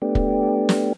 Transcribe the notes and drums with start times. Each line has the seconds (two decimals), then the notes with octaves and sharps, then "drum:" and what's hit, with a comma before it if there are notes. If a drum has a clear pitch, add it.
0.02 A3 B3 D4 G4
0.15 drum: kick
0.69 drum: snare